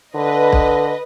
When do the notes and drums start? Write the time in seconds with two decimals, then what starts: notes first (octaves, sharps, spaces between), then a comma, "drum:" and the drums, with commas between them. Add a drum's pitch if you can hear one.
0.15 D3 B4 D#5
0.52 drum: kick